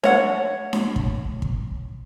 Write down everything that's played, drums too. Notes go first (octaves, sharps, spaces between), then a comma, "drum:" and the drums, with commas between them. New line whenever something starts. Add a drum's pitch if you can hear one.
C#5 F#5, drum: snare D4
drum: snare D4
drum: kick
drum: kick